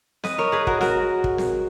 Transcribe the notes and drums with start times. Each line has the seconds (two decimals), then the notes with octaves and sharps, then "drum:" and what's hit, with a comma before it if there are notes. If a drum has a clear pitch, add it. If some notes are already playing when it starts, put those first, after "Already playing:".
0.24 B4 D#5, drum: snare C4
0.38 A#4 C#5
0.52 G#4 B4
0.67 F#4 A#4, drum: kick
0.81 F#4 A#4, drum: snare C4
1.24 drum: kick
1.38 drum: snare C4